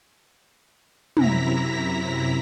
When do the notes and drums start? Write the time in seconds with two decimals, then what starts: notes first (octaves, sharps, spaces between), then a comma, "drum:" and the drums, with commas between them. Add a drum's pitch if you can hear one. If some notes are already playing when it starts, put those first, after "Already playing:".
1.17 F#2 C3 E4 A#5 A#6 B6, drum: tom